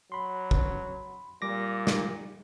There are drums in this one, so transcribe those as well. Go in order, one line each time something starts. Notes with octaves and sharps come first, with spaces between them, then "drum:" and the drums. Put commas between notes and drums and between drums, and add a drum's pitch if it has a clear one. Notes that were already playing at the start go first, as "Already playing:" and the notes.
F#3 B5 C6
drum: kick
A#2 G3 D6 A#6
drum: snare